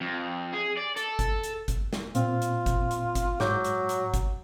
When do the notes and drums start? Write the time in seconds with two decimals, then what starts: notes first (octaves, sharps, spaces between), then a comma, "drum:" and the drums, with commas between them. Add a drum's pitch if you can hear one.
0.01 F2
0.54 G#4
0.78 D5
0.97 A4, drum: hi-hat
1.19 drum: kick G1, hi-hat
1.43 drum: hi-hat
1.68 drum: kick G1, hi-hat
1.93 drum: snare
2.15 A#2 C4 F4, drum: hi-hat
2.42 drum: hi-hat
2.66 drum: kick G1, hi-hat
2.91 drum: hi-hat
3.15 drum: kick G1, hi-hat
3.40 G#2 F#3 D6 G6, drum: snare
3.65 drum: hi-hat
3.89 drum: hi-hat
4.14 drum: kick G1, hi-hat